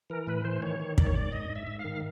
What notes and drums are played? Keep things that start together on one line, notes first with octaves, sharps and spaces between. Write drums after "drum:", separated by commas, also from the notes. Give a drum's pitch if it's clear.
E3 A#4
A2 B4
E3 C5
D#3 C#5
D#3
G#2 D5, drum: kick
C#5
G#2 D5
G#2 D#5
G#2
E5
G#2
F5
D#3